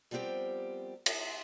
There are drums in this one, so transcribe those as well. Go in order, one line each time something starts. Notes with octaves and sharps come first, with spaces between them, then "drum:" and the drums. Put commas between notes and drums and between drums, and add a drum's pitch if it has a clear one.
F3 G3 B3 C4 G4 A#4
drum: cymbal